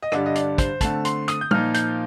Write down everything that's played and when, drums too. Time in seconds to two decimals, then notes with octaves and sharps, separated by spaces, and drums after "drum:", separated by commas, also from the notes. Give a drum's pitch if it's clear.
0.02 D#5
0.12 G2 D3 G3 D5, drum: rim click
0.26 D#5
0.35 D5, drum: hi-hat
0.58 C5, drum: kick, hi-hat
0.81 D3 A3 C4 A5, drum: kick, hi-hat
1.05 C6, drum: hi-hat
1.28 D#6, drum: hi-hat
1.41 G6
1.51 A#2 F3 A#3 D#4 F6, drum: tom
1.74 G6, drum: hi-hat